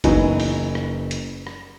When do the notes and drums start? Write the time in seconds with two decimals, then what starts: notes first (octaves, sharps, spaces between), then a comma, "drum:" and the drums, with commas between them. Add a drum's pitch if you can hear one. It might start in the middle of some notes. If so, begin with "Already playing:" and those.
0.04 F#1 E3 F#3 B3 D#4, drum: kick G1, hi-hat
0.40 drum: open hi-hat
0.75 drum: rim click
1.11 drum: hi-hat
1.47 drum: rim click